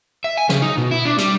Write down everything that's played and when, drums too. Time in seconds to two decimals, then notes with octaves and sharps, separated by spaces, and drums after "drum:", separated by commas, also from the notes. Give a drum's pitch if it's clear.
0.24 E5
0.37 G#5
0.49 C#3, drum: snare
0.62 D#4
0.77 B2
0.91 E4
1.05 D4
1.18 G3, drum: hi-hat